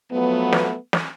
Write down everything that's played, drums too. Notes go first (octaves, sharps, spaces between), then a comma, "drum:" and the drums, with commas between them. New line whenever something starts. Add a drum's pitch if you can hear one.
F3 F#3 A3 B3
drum: snare
drum: snare